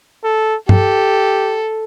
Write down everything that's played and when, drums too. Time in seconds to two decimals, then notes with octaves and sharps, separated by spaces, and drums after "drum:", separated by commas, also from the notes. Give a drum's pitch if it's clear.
0.24 A4
0.69 G4 A4, drum: tom G2